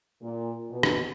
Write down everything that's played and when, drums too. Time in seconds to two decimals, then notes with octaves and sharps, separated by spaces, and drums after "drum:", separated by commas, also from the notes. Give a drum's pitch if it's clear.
0.22 A#2
0.70 B2
0.83 drum: rim click